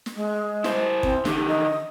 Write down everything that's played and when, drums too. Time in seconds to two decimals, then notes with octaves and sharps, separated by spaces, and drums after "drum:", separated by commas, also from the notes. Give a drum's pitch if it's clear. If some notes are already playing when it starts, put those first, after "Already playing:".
0.06 drum: snare
0.15 G#3
0.64 E4 C5, drum: snare
1.03 C4, drum: kick
1.25 D3 D#3 G4, drum: snare
1.48 D#5